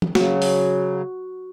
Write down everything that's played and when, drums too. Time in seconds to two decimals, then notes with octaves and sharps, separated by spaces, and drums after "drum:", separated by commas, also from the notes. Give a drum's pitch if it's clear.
0.02 drum: tom
0.15 C#3 F#3 F#4, drum: snare
0.42 drum: open hi-hat